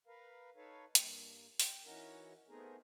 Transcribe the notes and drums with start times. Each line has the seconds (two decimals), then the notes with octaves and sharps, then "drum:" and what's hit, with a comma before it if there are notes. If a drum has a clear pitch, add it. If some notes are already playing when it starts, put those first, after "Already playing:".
0.07 A#4 B4 F5
0.56 D#4 A4 B4 C#5 F5
0.95 G2 A#3, drum: hi-hat
1.60 G4, drum: open hi-hat
1.85 E3 C#4 D#4 F#4 A#4
2.49 A3 B3 C4 D#4 G#4 A#4